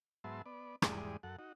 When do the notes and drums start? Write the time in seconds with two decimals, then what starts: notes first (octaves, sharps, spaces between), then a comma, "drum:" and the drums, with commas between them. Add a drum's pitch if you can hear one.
0.24 G#2 F#3 B3 E5 A5 C6
0.46 B3 D5
0.82 E2 G#2 G3 G#3 D5 D#6, drum: rim click
1.23 F#2 A4 F#5
1.39 D#4 F#4